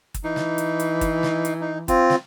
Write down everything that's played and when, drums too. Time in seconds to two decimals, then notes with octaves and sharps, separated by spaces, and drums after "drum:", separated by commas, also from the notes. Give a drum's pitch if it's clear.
0.14 drum: kick, hi-hat
0.24 E3 D#4
0.36 drum: snare
0.58 drum: hi-hat
0.80 drum: hi-hat
1.01 drum: kick, hi-hat
1.23 drum: snare
1.45 drum: hi-hat
1.60 D#4
1.88 C4 F4, drum: kick, hi-hat
2.10 drum: snare